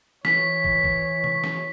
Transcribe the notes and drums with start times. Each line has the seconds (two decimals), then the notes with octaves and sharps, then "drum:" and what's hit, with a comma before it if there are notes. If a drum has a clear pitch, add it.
0.25 E3 C#5 B6, drum: snare
0.64 drum: kick
0.84 drum: kick
1.24 drum: tom C3
1.44 drum: snare